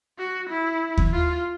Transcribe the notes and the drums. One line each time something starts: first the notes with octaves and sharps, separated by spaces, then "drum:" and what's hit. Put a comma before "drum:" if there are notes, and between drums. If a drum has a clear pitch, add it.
F#4
E4
drum: kick D#2
F4